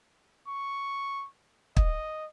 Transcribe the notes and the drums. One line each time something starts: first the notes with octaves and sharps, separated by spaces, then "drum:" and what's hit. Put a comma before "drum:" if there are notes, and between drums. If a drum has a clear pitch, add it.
C#6
D#5, drum: kick